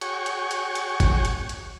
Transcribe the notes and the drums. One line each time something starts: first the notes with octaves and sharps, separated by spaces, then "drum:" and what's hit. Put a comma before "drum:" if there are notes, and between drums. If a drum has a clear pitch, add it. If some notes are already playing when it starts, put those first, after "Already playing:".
F#4 G#4 C#5 G5 C#6, drum: hi-hat
drum: hi-hat
drum: hi-hat
drum: hi-hat
drum: kick, hi-hat
drum: hi-hat
drum: hi-hat